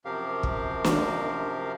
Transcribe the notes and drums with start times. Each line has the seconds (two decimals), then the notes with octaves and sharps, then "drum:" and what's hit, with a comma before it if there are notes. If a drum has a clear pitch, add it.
0.05 F#2 C3 F3 G4 A#4 F5
0.43 drum: kick
0.84 drum: snare